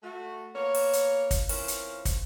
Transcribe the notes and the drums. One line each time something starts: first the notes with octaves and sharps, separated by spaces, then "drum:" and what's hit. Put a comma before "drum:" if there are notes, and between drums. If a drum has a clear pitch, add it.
A3 F#4
A#3 B3 F4 C#5
drum: open hi-hat
drum: hi-hat
drum: kick, hi-hat
E3 C4 C#4 F4 A#4 C5, drum: open hi-hat
drum: hi-hat
drum: kick, hi-hat